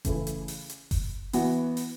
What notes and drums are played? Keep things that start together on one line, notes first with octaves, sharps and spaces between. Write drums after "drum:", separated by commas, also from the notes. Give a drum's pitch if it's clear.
C#3 E3 A3 E4, drum: kick F#1, hi-hat
drum: hi-hat
drum: open hi-hat
drum: hi-hat
drum: kick F#1, open hi-hat
E3 B3 F#4, drum: open hi-hat
drum: open hi-hat